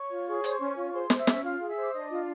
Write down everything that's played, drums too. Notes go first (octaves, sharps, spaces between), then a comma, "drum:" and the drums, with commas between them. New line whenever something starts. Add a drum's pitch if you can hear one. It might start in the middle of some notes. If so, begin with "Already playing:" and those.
Already playing: C#5 C#6
F4
G#4
C5, drum: hi-hat
C#4
F4
G#4 C5 C6
C5, drum: snare
E5 E6
C#4, drum: snare
F4 F5 F6
G#4
E5 E6
C5
D6
D4 D#5 D#6
F4